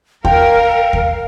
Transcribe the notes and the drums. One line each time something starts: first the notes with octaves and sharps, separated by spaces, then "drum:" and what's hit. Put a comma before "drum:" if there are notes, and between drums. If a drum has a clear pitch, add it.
A#4 F5 G5, drum: kick D#2
drum: kick D#2